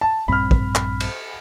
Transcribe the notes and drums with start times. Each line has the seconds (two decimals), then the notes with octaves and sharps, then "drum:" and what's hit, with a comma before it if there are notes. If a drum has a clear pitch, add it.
0.01 A5
0.28 A#1 G2 C4 B5 F6
0.51 drum: kick
0.75 drum: clap
1.00 drum: cymbal